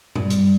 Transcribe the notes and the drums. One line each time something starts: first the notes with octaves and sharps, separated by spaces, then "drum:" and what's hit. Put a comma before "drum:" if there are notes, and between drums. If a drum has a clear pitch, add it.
G2, drum: tom A#2
drum: hi-hat